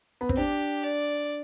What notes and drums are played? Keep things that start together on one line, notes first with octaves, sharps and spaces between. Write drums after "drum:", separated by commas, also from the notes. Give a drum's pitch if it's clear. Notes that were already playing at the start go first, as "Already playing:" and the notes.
B3
C4, drum: kick
D4 G4
D5